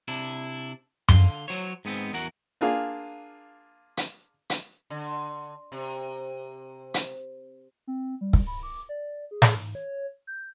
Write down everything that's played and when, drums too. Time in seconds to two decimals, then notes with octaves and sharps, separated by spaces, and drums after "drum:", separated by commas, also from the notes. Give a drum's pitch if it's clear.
0.08 C3 D4 E4
1.08 D3 F5 C6, drum: tom F#2
1.48 F#3 C5 C#5
1.85 G#2 G#3 B3 C4
2.13 E2 F#4 A#4 F#5
2.61 A#3 D4 F4 G#4 F5
3.97 drum: hi-hat
4.50 drum: hi-hat
4.90 D3
5.72 C3
6.94 drum: hi-hat
7.87 C4
8.21 G3
8.33 drum: kick
8.47 B5
8.63 D6
8.89 D5
9.31 G#4
9.42 drum: snare
9.55 G#2
9.75 C#5
10.27 G6